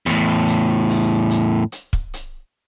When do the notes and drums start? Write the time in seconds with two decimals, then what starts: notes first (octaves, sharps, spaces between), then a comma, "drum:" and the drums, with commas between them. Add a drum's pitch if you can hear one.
0.06 E2 A2, drum: hi-hat
0.48 drum: hi-hat
0.89 drum: open hi-hat
1.31 drum: hi-hat
1.72 drum: hi-hat
1.93 drum: kick
2.14 drum: hi-hat